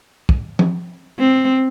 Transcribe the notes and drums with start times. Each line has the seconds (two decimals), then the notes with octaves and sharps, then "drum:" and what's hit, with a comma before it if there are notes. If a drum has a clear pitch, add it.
0.29 drum: kick
0.59 drum: tom F3
1.19 C4